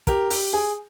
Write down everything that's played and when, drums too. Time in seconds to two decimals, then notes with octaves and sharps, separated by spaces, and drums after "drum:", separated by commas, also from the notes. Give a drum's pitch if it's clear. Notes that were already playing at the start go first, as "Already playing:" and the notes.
0.07 G4 A#4, drum: kick, hi-hat
0.30 G4, drum: open hi-hat
0.53 G#4